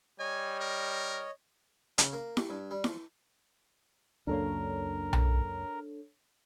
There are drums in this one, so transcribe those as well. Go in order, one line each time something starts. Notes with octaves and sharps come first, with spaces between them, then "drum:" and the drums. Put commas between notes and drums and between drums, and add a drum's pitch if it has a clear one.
G3 C#5 D#5 G#5
A#4
C#3, drum: hi-hat
A#3
G4, drum: snare E4
G2
G3
F3, drum: snare E4
C#2 F#2 A#3 D4 A4 A#4 C#5
drum: tom B1